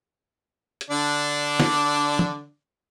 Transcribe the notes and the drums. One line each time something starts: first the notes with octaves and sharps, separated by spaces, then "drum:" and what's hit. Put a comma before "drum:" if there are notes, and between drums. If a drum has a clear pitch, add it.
drum: hi-hat
D3 D4 D5
drum: snare
drum: tom